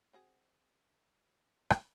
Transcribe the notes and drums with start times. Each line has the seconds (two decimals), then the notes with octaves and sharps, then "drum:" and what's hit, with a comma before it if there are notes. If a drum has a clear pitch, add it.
0.13 C4 F#4 G#4
1.70 drum: rim click